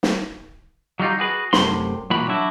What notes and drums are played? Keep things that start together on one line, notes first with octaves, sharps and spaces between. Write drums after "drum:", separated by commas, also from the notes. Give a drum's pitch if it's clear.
drum: snare
F#3 G3 D#4 F4
F#4 G#4 B4
F#2 C3 A3 B5 C6, drum: snare
B1 A#2 E3 A#3 F#4 B5
F#3 D4 E4 F#4